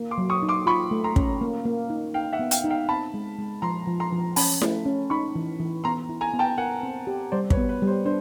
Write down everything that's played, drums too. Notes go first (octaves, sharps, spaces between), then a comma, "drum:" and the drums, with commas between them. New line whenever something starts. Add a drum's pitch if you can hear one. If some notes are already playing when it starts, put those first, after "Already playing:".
Already playing: A#3
C6 D6
F#3
C#6 D#6
D#4
C6 D6
F4 B5 C#6
A3
A#5 C6
C#4, drum: kick
A#3
A#3
D#4
D#4 F5 G5
E5 F#5
B3
F5 G5, drum: hi-hat
D#4
F5 G5
C4 A5 B5
G#3
G#3
F3 A#5 C6
F3
A#5 C6
F3
C#4 A5 B5, drum: open hi-hat
A3, drum: snare E4
C#4
D#4 B5 C#6
E3
E3
B3 A#5 C6
E4
G#5 A#5
B3
G5 A5
A#4 F#5 G#5
C4
G4
G3 C5 D5
B4 C#5, drum: kick
B3
B4
G3
C5
D4 C5